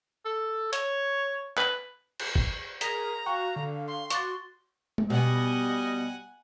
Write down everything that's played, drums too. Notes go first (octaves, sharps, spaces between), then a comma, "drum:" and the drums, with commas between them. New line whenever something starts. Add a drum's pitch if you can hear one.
A4
C#5, drum: hi-hat
B4, drum: clap
drum: cymbal
drum: kick
G#4 A#4 A#5 A#6 B6, drum: hi-hat
F#4 F5 G5 C#6
D3
C6
F#4 C#6 D6 A6, drum: hi-hat
drum: tom G#3
B2 G3 D#5 F#5 G#5